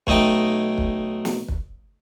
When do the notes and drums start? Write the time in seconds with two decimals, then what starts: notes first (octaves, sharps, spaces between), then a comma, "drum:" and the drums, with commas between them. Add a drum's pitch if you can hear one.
0.07 B1 A3 D#4 D#5 G5, drum: kick
0.78 drum: kick
1.25 drum: snare
1.48 drum: kick